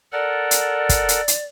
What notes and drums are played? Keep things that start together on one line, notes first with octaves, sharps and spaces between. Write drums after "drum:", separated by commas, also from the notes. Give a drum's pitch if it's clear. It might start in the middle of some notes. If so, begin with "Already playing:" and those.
A4 A#4 D5 F#5
drum: hi-hat
drum: kick, hi-hat
drum: hi-hat
drum: hi-hat